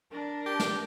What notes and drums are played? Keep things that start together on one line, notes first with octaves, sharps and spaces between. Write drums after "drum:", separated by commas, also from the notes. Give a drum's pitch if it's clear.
D4 A#4
G4
drum: snare